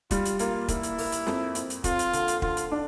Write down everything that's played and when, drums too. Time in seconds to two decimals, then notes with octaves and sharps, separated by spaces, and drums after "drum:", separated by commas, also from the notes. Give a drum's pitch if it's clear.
0.11 G3 F4, drum: kick, hi-hat
0.25 drum: hi-hat
0.39 A#3 F4, drum: hi-hat
0.68 A#3 E4, drum: kick, hi-hat
0.83 drum: hi-hat
0.98 A#3, drum: open hi-hat
1.12 drum: hi-hat
1.27 F2, drum: snare
1.55 F2, drum: hi-hat
1.70 drum: hi-hat
1.84 F2 F4, drum: kick, hi-hat
1.99 drum: hi-hat
2.13 D3, drum: hi-hat
2.28 drum: hi-hat
2.42 D3 F4, drum: kick
2.57 drum: hi-hat
2.71 D4